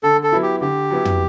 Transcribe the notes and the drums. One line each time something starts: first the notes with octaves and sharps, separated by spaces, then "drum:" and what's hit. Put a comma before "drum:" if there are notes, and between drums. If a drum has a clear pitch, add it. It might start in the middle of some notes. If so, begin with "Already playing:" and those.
D3 A4
A4
F#3 B3 E4
G4
D3 G4
F#3 B3 E4
drum: tom